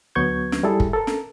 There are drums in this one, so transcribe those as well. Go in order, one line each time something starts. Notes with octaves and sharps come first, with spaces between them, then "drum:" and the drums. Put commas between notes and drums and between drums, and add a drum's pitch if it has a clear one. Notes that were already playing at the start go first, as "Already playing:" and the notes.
D2 F#3 B3 C#6 G6 G#6
drum: snare
G3 E4 G#4 A4
drum: kick
A4 A#4
drum: snare